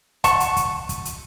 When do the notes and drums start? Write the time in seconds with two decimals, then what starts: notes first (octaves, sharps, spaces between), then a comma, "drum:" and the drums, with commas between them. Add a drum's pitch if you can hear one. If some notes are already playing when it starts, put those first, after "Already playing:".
0.24 F#5 A5 C#6, drum: kick, hi-hat
0.40 drum: hi-hat
0.56 drum: kick, hi-hat
0.89 drum: kick, hi-hat
1.05 drum: hi-hat